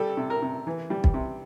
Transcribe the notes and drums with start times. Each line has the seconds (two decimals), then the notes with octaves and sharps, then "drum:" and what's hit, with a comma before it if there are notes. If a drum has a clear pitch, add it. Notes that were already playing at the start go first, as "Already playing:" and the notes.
Already playing: G3 A4
0.17 C3
0.30 A#4
0.42 C3
0.67 E3
0.90 G3
1.04 drum: kick
1.14 C3